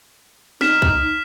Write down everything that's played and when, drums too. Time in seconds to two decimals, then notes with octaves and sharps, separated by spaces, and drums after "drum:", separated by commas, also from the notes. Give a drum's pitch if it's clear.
0.61 D#4 F6 B6 E7, drum: snare
0.82 drum: kick C2